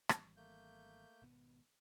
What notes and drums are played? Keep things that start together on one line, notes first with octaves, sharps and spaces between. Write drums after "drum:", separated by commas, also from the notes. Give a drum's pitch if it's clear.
G#1 E3 G3, drum: rim click
A3 A#3 G6
G#1 B2 B3